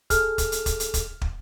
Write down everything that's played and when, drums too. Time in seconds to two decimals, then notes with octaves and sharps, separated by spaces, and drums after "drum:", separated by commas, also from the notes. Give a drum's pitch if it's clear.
0.10 G#4 A4 F6, drum: kick, hi-hat
0.38 drum: kick, hi-hat
0.52 drum: hi-hat
0.66 drum: kick, hi-hat
0.80 drum: hi-hat
0.94 drum: kick, hi-hat
1.21 drum: kick